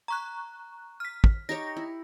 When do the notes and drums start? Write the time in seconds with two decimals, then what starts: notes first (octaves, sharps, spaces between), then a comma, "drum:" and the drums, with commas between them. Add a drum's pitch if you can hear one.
0.08 A#5 C#6 F#6
1.00 F6 B6
1.24 drum: kick
1.49 D#4 G4 C#5 A#6
1.77 E4